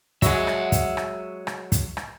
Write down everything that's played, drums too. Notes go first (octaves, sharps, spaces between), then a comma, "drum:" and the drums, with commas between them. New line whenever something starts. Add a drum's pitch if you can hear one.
F#3 G#3 E5 F#5, drum: kick, hi-hat
drum: rim click
drum: kick, hi-hat
drum: rim click
drum: rim click
drum: kick, hi-hat
drum: rim click